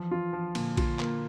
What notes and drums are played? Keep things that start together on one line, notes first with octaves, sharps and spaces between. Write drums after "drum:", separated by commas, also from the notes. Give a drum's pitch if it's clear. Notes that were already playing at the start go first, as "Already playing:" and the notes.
Already playing: E3 F3
F4
F3
A#2 D3, drum: cymbal
F4, drum: kick A#1, cymbal
A#3, drum: clap